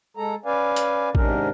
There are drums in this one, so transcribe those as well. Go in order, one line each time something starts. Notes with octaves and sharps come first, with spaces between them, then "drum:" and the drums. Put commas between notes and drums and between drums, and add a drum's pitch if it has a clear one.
G#3 A4 A#5
C#4 B4 D5 F5 G#5
drum: hi-hat
G#2 C3 D#3 C#4 D4 A#4, drum: kick A1